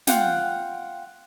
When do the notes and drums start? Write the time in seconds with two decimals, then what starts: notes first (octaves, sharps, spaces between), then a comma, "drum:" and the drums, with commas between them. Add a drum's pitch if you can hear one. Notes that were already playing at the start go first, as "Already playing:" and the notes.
0.07 F4 F#5 G5, drum: snare